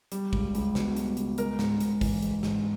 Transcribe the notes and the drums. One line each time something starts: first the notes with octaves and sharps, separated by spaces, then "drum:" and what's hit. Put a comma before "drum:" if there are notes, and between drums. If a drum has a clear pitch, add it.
G3, drum: hi-hat
C#2, drum: kick
C#2, drum: hi-hat
B2, drum: snare
G3, drum: hi-hat
C#2, drum: hi-hat
G#3 A#4, drum: hi-hat
G#2, drum: snare
G#2, drum: hi-hat
E3, drum: kick, open hi-hat
G#3, drum: hi-hat
G#2, drum: snare